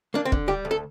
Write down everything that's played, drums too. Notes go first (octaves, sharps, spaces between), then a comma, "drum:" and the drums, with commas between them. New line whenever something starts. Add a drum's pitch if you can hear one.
A#3 D4
C4
D3, drum: kick
G3 G4
D2
A4